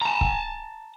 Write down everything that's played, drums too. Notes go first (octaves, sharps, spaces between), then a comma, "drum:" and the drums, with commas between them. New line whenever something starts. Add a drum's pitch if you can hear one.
A5 A#5
drum: kick C#1